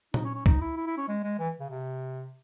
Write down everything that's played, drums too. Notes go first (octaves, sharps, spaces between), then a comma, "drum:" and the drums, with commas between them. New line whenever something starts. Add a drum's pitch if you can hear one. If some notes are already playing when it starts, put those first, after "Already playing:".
D#4, drum: tom A#2
C#4
C#4
D#4, drum: kick C2
E4
E4
E4
C#4
G#3
G#3
E3
C#3
C3